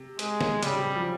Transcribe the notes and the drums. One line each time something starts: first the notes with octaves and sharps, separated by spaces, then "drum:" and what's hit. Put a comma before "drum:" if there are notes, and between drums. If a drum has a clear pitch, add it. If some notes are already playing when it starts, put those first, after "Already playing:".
Already playing: C3
G#3, drum: hi-hat
drum: snare
C#3 G3, drum: hi-hat
C3
C3
F3